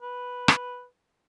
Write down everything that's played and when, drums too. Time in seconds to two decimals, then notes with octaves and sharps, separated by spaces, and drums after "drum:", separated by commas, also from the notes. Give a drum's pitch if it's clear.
0.02 B4
0.48 drum: rim click